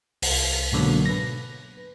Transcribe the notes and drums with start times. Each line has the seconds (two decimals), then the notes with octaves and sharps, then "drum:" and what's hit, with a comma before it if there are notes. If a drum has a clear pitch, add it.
0.22 C2, drum: open hi-hat
0.72 G#2 B2 D3 F#3 A#3
1.06 B4 A#6